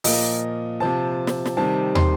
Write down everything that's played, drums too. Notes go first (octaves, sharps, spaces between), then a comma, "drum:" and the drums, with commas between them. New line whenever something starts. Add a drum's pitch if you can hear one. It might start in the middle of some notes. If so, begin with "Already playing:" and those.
A#2 F3 A#3 D#5, drum: open hi-hat
C3 F3 C4 A5
drum: snare
drum: snare
C3 D#3 G3 C4 A5
C6, drum: tom